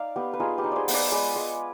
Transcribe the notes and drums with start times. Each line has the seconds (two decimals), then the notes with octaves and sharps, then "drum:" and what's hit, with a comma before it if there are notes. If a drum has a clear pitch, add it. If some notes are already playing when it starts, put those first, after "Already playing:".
Already playing: D#4 D5 F5
0.16 B3 G4 B4
0.34 B4
0.40 D#4 F4 G#4
0.58 G4 B4
0.64 D#4
0.72 G#4 C5 D5
0.88 B3, drum: open hi-hat
0.93 B4 D5
1.12 G#3 B4 D5
1.36 G#3